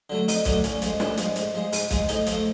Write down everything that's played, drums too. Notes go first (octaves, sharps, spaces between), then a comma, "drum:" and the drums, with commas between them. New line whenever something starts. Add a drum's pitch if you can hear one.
D3 F#3 A3
F2 D#4, drum: open hi-hat
D3 F#3 A3 D4, drum: kick, hi-hat
A2 C#4, drum: hi-hat
F3 G#3, drum: hi-hat
A2 D4, drum: snare
F3 G#3, drum: hi-hat
G#2, drum: hi-hat
F3 G#3
G#2, drum: open hi-hat
F3 G#3, drum: kick, hi-hat
A2 D#4, drum: hi-hat
F3 A3, drum: hi-hat